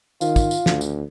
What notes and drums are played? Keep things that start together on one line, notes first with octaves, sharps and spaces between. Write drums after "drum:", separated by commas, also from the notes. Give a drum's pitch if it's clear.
D#3 F4, drum: tambourine
drum: kick, tambourine
drum: tambourine
D2, drum: snare
drum: tambourine